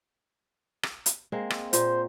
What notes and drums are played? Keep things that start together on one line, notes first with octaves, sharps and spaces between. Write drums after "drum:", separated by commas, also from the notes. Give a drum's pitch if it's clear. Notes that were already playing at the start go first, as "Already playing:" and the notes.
drum: rim click
drum: hi-hat
G#3 A#3 C4
drum: rim click
A#2 C5, drum: hi-hat